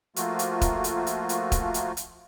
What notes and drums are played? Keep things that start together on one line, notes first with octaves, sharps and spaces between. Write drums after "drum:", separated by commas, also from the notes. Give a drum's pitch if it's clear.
F3 A3 A#3 F4 F#4, drum: hi-hat
drum: hi-hat
drum: kick, hi-hat
drum: hi-hat
drum: hi-hat
drum: hi-hat
drum: kick, hi-hat
drum: hi-hat
drum: hi-hat